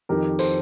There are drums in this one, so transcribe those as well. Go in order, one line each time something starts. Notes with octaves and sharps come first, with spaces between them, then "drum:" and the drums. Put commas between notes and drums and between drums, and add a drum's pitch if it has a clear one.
F2 D#3 G4 A#4
A4 C5, drum: tambourine